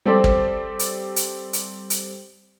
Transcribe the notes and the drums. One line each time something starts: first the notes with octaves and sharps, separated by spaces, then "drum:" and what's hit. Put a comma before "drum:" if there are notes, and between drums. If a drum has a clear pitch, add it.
G3 C4 G4 A4 C5 D5
drum: kick
drum: hi-hat
drum: hi-hat
drum: hi-hat
drum: hi-hat